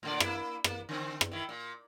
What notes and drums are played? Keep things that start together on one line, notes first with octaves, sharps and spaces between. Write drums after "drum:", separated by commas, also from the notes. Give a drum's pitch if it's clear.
A2 D3 D5
A#3 E4, drum: rim click
A#3, drum: rim click
D3 C4
drum: rim click
D#3 E4
A#2